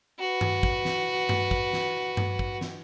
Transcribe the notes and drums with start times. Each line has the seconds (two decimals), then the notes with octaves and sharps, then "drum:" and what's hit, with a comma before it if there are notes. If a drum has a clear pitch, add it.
0.19 F#4 B4
0.41 drum: tom G2
0.63 drum: kick
0.85 drum: snare
1.29 drum: tom G2
1.51 drum: kick
1.73 drum: snare
2.17 drum: tom G2
2.39 drum: kick
2.61 drum: snare